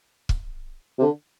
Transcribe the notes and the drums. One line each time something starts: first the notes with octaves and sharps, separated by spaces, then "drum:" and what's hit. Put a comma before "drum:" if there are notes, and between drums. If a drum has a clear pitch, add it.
drum: kick
C3
D3